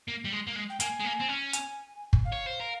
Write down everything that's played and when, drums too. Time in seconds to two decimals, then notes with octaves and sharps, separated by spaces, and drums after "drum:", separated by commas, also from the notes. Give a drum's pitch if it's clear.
0.08 A#3
0.24 G3
0.32 G#3
0.47 A#3
0.56 G#3
0.70 G5
0.80 A#3 G#5, drum: hi-hat
1.00 G#3
1.05 A#3
1.20 C4
1.28 C#4
1.53 G#5, drum: hi-hat
2.13 drum: kick
2.25 F5
2.32 C#5
2.46 C5
2.60 A#4